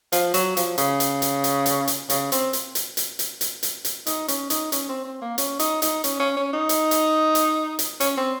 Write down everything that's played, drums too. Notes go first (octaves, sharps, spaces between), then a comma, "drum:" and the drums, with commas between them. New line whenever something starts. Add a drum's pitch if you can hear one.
F3, drum: hi-hat
F#3, drum: hi-hat
F3, drum: hi-hat
C#3, drum: hi-hat
drum: hi-hat
drum: hi-hat
drum: hi-hat
drum: hi-hat
drum: hi-hat
C#3, drum: hi-hat
C4, drum: hi-hat
drum: hi-hat
drum: hi-hat
drum: hi-hat
drum: hi-hat
drum: hi-hat
drum: hi-hat
drum: hi-hat
D#4, drum: hi-hat
C#4, drum: hi-hat
D#4, drum: hi-hat
C#4, drum: hi-hat
C4
C4
A#3
C#4, drum: hi-hat
D#4, drum: hi-hat
D#4, drum: hi-hat
C#4, drum: hi-hat
C#4
C#4
D#4
drum: hi-hat
drum: hi-hat
drum: hi-hat
drum: hi-hat
C#4, drum: hi-hat
C4